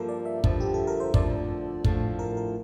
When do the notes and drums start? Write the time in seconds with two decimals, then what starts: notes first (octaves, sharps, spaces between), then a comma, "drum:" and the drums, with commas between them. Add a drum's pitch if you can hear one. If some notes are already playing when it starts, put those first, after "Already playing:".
Already playing: G2 F3 A#3 E4 A4 A#4
0.09 D5
0.25 E5
0.44 G2 D3 F3, drum: kick
0.60 G4
0.74 A4
0.87 A#4
1.00 C5
1.14 D2 D3 F3 C4 D5, drum: kick
1.84 A2 F3 A3 D4, drum: kick
2.19 A#4
2.37 A#4